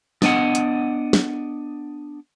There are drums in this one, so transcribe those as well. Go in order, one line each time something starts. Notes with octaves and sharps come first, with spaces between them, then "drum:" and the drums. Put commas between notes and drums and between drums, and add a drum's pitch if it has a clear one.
B3 D4 D#5 F#5, drum: snare
drum: hi-hat
drum: snare